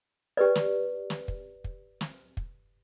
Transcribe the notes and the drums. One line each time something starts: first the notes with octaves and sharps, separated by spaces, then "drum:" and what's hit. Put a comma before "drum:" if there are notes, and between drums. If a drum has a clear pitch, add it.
G4 B4 D5
drum: snare
drum: snare
drum: kick
drum: kick
drum: snare
drum: kick